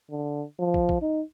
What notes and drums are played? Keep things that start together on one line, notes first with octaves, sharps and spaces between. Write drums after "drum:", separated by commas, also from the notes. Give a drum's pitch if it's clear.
D3
F3
drum: kick
drum: kick
D#4